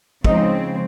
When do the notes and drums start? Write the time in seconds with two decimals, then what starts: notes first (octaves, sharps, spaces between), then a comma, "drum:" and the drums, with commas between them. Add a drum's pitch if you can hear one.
0.24 C#3 F3 G#3 C4 D#4, drum: kick